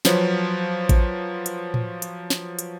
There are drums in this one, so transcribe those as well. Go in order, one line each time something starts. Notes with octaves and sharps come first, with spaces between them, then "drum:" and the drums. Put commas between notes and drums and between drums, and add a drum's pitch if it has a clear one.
F3 F#3 B4 C#5, drum: snare
drum: kick A1, hi-hat
drum: hi-hat
drum: tom A2
drum: hi-hat
drum: snare
drum: hi-hat